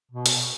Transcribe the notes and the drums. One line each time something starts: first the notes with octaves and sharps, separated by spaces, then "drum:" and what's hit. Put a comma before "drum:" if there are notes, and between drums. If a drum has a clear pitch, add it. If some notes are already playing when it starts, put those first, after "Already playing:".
B2
drum: hi-hat